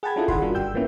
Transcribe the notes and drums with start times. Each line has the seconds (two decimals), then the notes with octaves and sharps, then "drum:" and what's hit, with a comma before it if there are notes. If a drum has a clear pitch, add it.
0.03 G#4 F#5 G5 A5 B5 G#6
0.16 C#4 D4 E4 F4 G#4 A4
0.28 G1 D#3 G#4 F#5 B5 C6, drum: kick
0.41 G3 D4 F4 F#4 A#4
0.55 G1 G5 E6 G6
0.74 F3 A#3 B3 C#4 E4